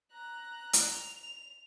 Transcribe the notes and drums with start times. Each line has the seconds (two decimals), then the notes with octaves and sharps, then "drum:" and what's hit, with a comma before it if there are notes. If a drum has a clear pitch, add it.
0.12 A#5 F#6
0.73 drum: hi-hat
0.91 F7